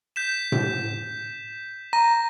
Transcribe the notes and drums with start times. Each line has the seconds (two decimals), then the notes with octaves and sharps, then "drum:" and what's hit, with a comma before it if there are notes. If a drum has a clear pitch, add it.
0.16 G6 B6 E7
0.52 drum: tom A2
1.93 A#5 A#6